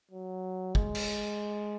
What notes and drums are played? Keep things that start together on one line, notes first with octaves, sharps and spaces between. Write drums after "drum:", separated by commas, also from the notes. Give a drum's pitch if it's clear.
F#3
G#3, drum: kick
drum: cymbal